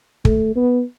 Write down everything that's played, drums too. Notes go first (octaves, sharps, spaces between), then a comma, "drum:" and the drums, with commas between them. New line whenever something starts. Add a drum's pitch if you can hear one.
A3, drum: kick
B3